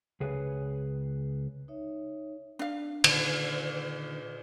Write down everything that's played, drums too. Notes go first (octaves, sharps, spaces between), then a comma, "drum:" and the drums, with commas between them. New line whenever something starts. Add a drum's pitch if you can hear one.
C#2 G#4 B4 C#5
D#4 C#5 E5
D4 F5
A#2 D3 D#3, drum: cymbal